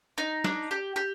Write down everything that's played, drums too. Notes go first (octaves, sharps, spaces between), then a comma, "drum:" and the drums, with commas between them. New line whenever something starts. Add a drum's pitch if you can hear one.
D#4
D4, drum: snare
G4
G4